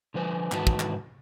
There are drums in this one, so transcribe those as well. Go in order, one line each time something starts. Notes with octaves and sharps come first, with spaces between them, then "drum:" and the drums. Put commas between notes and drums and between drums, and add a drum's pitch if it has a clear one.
D3 F3 B4 C5 G#5
G#2 D#3 E3 F#4 B4 A5, drum: clap
drum: kick
drum: clap